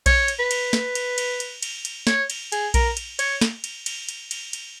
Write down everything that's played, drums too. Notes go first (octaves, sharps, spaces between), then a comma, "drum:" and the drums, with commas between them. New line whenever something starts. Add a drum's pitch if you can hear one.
C#5, drum: kick A#1, cymbal
drum: cymbal
B4
drum: cymbal
drum: snare
drum: cymbal
drum: cymbal
drum: cymbal
drum: cymbal
drum: cymbal
C#5, drum: snare
drum: cymbal
G#4, drum: cymbal
A#4, drum: kick A#1, cymbal
drum: cymbal
C#5, drum: cymbal
drum: snare
drum: cymbal
drum: cymbal
drum: cymbal
drum: cymbal
drum: cymbal